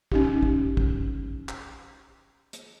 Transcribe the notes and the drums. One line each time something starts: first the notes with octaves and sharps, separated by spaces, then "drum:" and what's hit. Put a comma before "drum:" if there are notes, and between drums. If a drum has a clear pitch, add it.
C#4 D#4 G4, drum: kick
drum: kick
drum: kick
drum: clap
drum: hi-hat